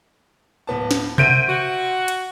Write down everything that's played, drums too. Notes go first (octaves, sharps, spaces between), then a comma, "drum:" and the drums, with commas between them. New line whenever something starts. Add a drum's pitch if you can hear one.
D1 B3 A5
drum: snare
C5 E5 F#5 G6 D7 D#7, drum: tom B2
F#4
drum: hi-hat